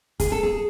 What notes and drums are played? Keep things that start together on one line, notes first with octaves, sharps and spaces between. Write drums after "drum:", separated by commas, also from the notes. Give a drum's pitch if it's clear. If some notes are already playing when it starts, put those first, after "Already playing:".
G#4, drum: kick, hi-hat
A4
G#4